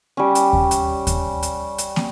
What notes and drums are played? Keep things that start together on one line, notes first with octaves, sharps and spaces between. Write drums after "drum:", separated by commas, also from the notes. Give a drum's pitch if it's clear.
G3 C#4
drum: hi-hat
drum: kick D#2
drum: hi-hat
drum: kick D#2, hi-hat
drum: hi-hat
drum: hi-hat
drum: snare